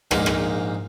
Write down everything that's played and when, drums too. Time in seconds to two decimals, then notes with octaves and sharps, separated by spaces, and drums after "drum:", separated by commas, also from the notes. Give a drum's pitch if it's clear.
0.11 A#1 G#2 A#3 D#4 A#5 D6, drum: rim click
0.26 drum: rim click